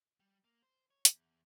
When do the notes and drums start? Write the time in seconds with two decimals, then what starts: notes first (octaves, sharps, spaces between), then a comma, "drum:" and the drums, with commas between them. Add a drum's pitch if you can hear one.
0.20 G3
0.44 A#3
0.63 C5
0.90 C#5
1.05 E2, drum: hi-hat